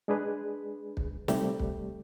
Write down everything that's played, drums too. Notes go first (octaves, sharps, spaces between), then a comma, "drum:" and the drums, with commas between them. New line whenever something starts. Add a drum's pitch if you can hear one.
G#3 D4 G#4 B4
drum: kick
C3 G3 A3 G4, drum: snare
drum: kick